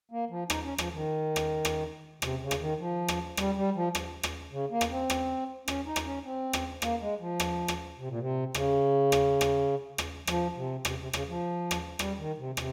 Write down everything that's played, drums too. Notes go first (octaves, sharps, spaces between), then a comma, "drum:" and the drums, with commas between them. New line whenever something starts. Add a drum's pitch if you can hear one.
A#3
F3
D#4, drum: rim click
C#4
F3, drum: rim click
D#3
drum: rim click
drum: rim click
C3, drum: rim click
C#3
drum: rim click
D#3
F3
drum: rim click
G3, drum: rim click
G3
F3
drum: rim click
drum: rim click
C#3
A#3
drum: rim click
C4
drum: rim click
C#4, drum: rim click
D#4
drum: rim click
C#4
C4
drum: rim click
A#3, drum: rim click
G#3
F3
drum: rim click
drum: rim click
C3
A#2
C3
C#3, drum: rim click
drum: rim click
drum: rim click
drum: rim click
F3, drum: rim click
C3
C3, drum: rim click
C3
C#3, drum: rim click
F3
drum: rim click
G3, drum: rim click
D#3
C3
C3, drum: rim click